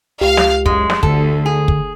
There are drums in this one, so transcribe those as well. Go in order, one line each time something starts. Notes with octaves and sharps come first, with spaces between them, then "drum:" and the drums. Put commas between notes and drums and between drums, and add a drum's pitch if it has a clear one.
C#2 G4 F5
drum: snare
F#2 G#3, drum: kick
drum: snare
D2 D3 A4, drum: kick
G#4
drum: kick